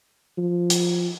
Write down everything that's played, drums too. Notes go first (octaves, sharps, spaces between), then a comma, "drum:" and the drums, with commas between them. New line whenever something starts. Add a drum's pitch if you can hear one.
F3
drum: hi-hat